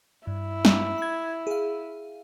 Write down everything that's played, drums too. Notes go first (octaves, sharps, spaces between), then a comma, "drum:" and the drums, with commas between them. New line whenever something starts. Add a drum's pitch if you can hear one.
G2 E4
drum: snare
B5 G#6
G#4 F5